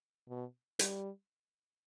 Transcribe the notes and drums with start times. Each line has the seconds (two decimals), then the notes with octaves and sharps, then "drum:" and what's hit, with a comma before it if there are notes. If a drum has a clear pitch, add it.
0.29 B2
0.79 G3, drum: hi-hat